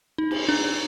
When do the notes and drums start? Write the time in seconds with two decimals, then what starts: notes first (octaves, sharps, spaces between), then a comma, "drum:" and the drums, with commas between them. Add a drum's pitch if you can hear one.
0.18 D#4
0.31 drum: cymbal
0.49 D4